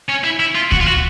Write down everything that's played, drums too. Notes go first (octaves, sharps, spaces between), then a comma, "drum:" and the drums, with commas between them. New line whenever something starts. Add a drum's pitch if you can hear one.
C#4
E4
E4
F4
F#4, drum: kick D2
F4
F#4